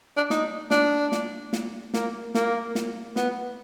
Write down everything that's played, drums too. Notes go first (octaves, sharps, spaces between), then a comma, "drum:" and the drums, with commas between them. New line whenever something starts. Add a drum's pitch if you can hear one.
D4
D#4, drum: snare
D4, drum: snare
drum: snare
drum: snare
A#3, drum: snare
A#3, drum: snare
drum: snare
B3, drum: snare